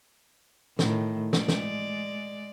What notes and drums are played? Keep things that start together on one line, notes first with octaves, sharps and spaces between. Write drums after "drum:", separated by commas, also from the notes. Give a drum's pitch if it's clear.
A2 D#3, drum: snare
G#3 D5, drum: snare
drum: snare